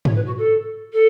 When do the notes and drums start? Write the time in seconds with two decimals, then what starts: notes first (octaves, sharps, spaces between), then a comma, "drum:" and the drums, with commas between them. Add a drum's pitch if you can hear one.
0.05 C#5, drum: tom G#2
0.15 B4
0.26 F#4
0.38 A4
0.93 A4